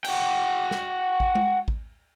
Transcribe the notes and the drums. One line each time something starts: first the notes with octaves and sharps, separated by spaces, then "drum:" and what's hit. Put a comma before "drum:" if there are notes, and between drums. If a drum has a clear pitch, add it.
F#4 G5, drum: cymbal
drum: snare
drum: kick A1
drum: tom G#3
drum: kick A1